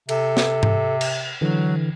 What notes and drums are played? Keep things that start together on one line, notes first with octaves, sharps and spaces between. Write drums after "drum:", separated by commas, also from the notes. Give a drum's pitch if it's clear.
C3 A4, drum: cymbal
drum: snare
drum: tom G#2
drum: cymbal
D3 E3 F#3